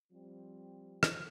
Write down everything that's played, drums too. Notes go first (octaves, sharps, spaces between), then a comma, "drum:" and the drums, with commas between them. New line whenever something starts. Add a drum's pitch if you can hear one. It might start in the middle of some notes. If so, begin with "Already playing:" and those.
F3 G3 C4
drum: rim click